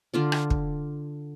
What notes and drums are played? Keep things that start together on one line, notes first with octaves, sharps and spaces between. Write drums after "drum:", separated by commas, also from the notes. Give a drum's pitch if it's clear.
D3 F4 D5
drum: rim click
drum: kick